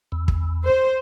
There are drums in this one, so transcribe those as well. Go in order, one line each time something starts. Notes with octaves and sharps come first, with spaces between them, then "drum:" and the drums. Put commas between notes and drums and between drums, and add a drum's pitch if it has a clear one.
E2
drum: kick
C5